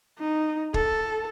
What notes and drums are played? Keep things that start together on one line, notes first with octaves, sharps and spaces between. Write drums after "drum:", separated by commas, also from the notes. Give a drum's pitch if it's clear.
D#4
A4, drum: kick